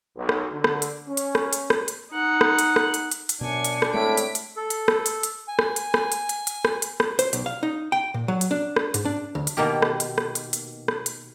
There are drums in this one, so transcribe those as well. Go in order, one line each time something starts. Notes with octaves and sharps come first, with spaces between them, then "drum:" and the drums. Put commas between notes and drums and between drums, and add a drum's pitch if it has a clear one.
B1
drum: rim click
D3
drum: rim click
drum: hi-hat
C#4
drum: hi-hat
drum: rim click
drum: hi-hat
drum: rim click
drum: hi-hat
D#4 F#5
drum: rim click
drum: hi-hat
drum: rim click
drum: hi-hat
drum: hi-hat
drum: hi-hat
F#2 B2 D4 G#5 C#7
drum: hi-hat
drum: rim click
A2 G#3 A3 C4 B6 D7
drum: hi-hat
drum: hi-hat
A4
drum: hi-hat
drum: rim click
drum: hi-hat
drum: hi-hat
G#5
drum: rim click
drum: hi-hat
drum: rim click
drum: hi-hat
drum: hi-hat
drum: hi-hat
drum: rim click
drum: hi-hat
drum: rim click
C5, drum: hi-hat
B1, drum: hi-hat
F5
D#4
G5
A#2
F#3
drum: hi-hat
D4
drum: rim click
G#2, drum: hi-hat
D4
D2
drum: hi-hat
B2 D#3 A#3 G4
drum: rim click
drum: hi-hat
drum: rim click
drum: hi-hat
drum: hi-hat
drum: rim click
drum: hi-hat